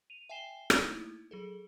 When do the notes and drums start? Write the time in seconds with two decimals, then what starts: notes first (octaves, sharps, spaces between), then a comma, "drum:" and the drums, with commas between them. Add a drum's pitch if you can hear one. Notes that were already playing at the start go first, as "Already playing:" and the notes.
0.10 D#7 F7
0.29 E5 G5 G#5 C7 E7 G7
0.70 drum: rim click
0.81 A3 A#3 D#4 E4
1.31 F#3 G#4 A4